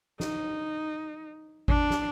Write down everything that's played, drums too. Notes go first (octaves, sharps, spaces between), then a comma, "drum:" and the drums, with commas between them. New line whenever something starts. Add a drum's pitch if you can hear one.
D#4, drum: snare
D4, drum: kick G#1
drum: snare